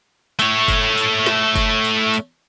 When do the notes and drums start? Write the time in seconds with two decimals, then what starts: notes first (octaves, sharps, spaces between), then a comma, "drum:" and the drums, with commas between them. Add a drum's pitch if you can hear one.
0.39 A3 C#5, drum: tambourine
0.68 drum: kick F#1, tambourine
0.97 drum: tambourine
1.26 drum: snare
1.55 drum: kick F#1, tambourine
1.85 drum: tambourine
2.14 drum: tambourine